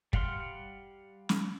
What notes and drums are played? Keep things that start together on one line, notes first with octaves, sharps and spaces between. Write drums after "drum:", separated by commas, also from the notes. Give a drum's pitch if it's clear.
G3 F5 F#5 C6 F6, drum: kick
drum: snare